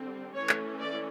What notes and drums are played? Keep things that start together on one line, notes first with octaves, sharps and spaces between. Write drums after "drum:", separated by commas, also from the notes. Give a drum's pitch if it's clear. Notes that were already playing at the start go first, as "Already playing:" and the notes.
Already playing: D3 G3 C4
E3 A3 C#4 C#5
drum: clap
D5